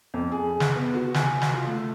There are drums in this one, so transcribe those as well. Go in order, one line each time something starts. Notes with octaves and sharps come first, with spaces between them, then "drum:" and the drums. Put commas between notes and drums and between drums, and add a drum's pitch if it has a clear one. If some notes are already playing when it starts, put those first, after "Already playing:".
F2
G#4
drum: snare
B3
F#4
G#5, drum: snare
drum: snare
F4
A3